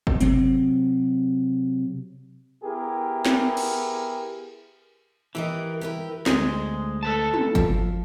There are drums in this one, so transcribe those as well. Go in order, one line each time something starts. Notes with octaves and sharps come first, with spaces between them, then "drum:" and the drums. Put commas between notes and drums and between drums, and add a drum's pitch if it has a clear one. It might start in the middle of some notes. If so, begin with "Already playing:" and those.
drum: kick G1
C3 F#3 C4, drum: hi-hat
B3 E4 G4 G#4 A#4
drum: snare
drum: cymbal
E3 G4 A#4 D#5
G4 A#4 B4
D2 G#3 C5, drum: snare
A4 B4 A5
drum: tom
F3, drum: kick G1